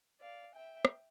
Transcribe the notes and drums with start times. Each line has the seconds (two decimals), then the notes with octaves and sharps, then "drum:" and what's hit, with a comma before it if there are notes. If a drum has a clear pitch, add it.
0.21 D5 F5
0.55 E5 G5
0.85 drum: rim click